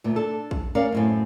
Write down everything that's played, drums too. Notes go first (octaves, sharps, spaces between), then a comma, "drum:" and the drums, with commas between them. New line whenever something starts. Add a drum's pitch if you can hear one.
D2 A#2
D4 A4
drum: kick
C#4 A#4 D5 F5
F#2 A2 C4